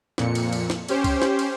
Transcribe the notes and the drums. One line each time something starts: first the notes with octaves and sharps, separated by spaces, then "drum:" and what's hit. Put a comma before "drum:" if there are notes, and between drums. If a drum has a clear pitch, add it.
F2 A#2 C#7, drum: snare
drum: cymbal
drum: cymbal
drum: snare
C#4 G4 C5, drum: cymbal
drum: kick, cymbal
drum: snare
drum: cymbal